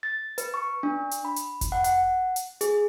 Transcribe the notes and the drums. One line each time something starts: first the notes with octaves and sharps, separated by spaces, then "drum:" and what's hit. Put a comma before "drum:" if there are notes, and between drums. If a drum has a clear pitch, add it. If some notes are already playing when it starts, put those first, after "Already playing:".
A6
B4, drum: hi-hat
C#6
D4
drum: hi-hat
B5
drum: hi-hat
drum: kick F1, hi-hat
F#5
F#5, drum: hi-hat
drum: hi-hat
G#4, drum: hi-hat